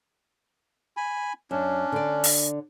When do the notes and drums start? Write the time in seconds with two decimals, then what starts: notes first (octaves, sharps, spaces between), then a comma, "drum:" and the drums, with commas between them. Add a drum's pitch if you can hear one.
0.97 G#5 B5
1.51 F#2 C#4 D4
1.92 D3 D5
2.24 drum: open hi-hat